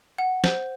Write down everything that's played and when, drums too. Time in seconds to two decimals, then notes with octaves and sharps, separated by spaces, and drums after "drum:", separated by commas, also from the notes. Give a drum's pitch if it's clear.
0.18 F#5
0.44 C5, drum: snare